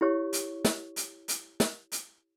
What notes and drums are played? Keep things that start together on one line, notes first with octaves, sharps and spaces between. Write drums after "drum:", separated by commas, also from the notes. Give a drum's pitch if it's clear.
E4 G4 C#5 C#6
drum: hi-hat
drum: snare
drum: hi-hat
drum: hi-hat
drum: snare
drum: hi-hat